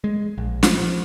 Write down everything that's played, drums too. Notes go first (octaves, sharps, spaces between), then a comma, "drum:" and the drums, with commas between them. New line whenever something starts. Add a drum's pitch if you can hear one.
G#3
A#1
F3, drum: snare